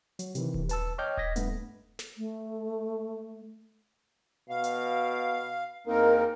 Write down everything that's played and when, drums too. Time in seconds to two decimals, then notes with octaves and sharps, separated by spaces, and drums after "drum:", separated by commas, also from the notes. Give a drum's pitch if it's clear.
0.19 F#3, drum: hi-hat
0.35 C3 D#3 E3, drum: hi-hat
0.54 drum: kick D#1
0.69 B4 A5 E6, drum: hi-hat
0.98 C#5 D#5 G5 D6 F6 G6
1.17 D#5 G#6 A#6 B6, drum: kick D#1
1.36 G2 A3 B3, drum: hi-hat
1.99 drum: snare
2.18 A3
4.49 B2 F5
4.64 drum: hi-hat
5.87 E2 A#3 C4 D#4 A#4